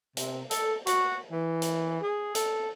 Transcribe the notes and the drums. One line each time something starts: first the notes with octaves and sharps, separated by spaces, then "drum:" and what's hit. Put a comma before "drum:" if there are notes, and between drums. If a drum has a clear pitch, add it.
C3, drum: hi-hat
A4, drum: hi-hat
F#4, drum: hi-hat
E3
drum: hi-hat
G#4
A4, drum: hi-hat